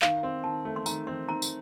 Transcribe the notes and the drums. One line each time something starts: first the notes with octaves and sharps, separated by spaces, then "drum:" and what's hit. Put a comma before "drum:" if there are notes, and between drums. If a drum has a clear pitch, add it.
D#3 F5, drum: clap
C4
D#3 A5
A3
C6
D#3 A#5, drum: tambourine
C4 C6
D#3 A#5
drum: tambourine